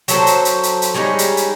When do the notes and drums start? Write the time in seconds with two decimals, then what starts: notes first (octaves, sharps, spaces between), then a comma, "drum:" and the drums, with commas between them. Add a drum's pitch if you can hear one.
0.08 F#3 A4 C5, drum: hi-hat
0.27 drum: hi-hat
0.45 drum: hi-hat
0.63 drum: hi-hat
0.82 drum: hi-hat
0.94 G3 G#3 C#4 D#4
1.19 drum: hi-hat
1.37 drum: hi-hat